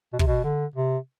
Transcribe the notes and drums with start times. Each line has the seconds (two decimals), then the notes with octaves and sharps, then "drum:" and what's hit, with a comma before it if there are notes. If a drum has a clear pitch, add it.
0.13 B2
0.19 C3, drum: kick
0.27 B2
0.44 D3
0.75 C3